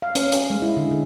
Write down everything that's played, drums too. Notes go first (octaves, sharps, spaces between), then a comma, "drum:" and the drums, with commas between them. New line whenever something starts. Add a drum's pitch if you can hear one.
F5
C#4, drum: hi-hat
drum: hi-hat
G#3
E4
D3
D3